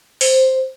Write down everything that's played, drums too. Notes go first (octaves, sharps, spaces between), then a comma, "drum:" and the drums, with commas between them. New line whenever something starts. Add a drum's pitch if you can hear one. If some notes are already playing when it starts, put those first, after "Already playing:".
C5, drum: open hi-hat